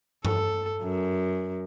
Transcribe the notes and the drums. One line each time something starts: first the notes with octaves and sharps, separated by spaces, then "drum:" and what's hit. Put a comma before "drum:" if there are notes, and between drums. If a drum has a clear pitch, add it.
A4, drum: tom G2
F#2